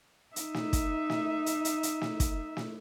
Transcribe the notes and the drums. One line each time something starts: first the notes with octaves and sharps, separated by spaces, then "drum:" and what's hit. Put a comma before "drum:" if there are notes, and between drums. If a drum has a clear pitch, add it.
D#4 E5, drum: hi-hat
drum: snare
drum: kick, hi-hat
drum: snare
drum: hi-hat
drum: hi-hat
drum: hi-hat
drum: snare
drum: kick, hi-hat
drum: snare